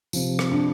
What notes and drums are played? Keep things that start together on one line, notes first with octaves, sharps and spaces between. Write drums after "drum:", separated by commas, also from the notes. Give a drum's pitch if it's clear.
C3 F3, drum: tambourine
drum: rim click
D4